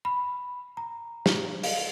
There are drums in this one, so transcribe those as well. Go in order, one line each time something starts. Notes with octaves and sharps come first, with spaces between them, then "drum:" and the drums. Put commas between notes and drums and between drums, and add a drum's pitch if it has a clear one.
B5
A#5
drum: snare
F5, drum: open hi-hat